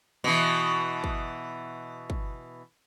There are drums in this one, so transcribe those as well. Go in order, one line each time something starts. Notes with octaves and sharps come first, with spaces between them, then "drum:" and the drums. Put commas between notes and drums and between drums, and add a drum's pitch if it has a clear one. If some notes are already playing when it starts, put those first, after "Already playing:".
B2 E3
drum: kick
drum: kick